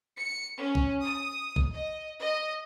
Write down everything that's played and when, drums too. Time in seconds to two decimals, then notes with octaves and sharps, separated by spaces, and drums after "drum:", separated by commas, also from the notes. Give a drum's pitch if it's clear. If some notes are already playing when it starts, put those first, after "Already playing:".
0.18 C#7
0.58 C#4
0.75 drum: kick
1.02 D#6
1.56 drum: kick
1.73 D#5
2.20 D#5